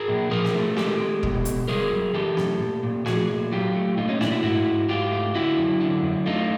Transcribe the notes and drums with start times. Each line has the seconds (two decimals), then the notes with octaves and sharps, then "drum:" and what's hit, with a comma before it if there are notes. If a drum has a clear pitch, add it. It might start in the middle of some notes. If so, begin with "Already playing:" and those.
Already playing: G#4 A#4
0.08 A#2
0.31 F3 G#4 A#4
0.45 drum: snare
0.54 A3
0.77 G#3 G4 A4, drum: snare
1.00 G#3
1.23 B2, drum: kick E1
1.45 B2, drum: hi-hat
1.68 G3 G#4 A#4
1.91 F#2
2.14 E3 G4 A4
2.37 F#2, drum: snare
2.60 A#2
2.83 A#2
3.06 F3 F#4 G#4, drum: snare
3.29 A#2
3.52 F#3 F4 G4
3.75 A3
3.97 A#2 D#4 F4
4.08 C#4 D#4
4.21 A#2 D4 E4, drum: snare
4.32 E4 F#4
4.44 G#2 E4 F#4
4.66 G#2
4.89 G#2 F4 G4
5.12 A3
5.35 D3 E4 F#4
5.58 F#2
5.81 D3
6.04 F#2
6.26 A3 D#4 F4